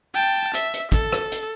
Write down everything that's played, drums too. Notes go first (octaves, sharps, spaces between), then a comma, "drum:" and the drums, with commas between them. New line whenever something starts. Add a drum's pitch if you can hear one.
G5 A5
E5, drum: hi-hat
drum: hi-hat
A4, drum: kick, hi-hat
drum: rim click
drum: hi-hat